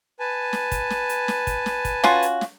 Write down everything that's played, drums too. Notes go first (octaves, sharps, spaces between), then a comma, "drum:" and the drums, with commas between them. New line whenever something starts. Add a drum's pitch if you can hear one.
B4 G#5 A5
drum: snare
drum: kick, hi-hat
drum: snare
drum: hi-hat
drum: snare
drum: kick, hi-hat
drum: snare
drum: kick, hi-hat
C#4 F4 F#4, drum: snare
drum: hi-hat
drum: snare